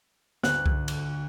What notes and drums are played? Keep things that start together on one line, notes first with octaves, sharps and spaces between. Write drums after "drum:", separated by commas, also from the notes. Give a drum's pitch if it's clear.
D2 F#6, drum: snare
drum: kick C2
drum: cymbal